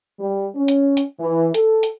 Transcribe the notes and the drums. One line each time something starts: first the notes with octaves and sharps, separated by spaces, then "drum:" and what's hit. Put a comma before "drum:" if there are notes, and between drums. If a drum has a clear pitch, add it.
G3
C#4
drum: hi-hat
drum: hi-hat
E3
A4, drum: hi-hat
drum: hi-hat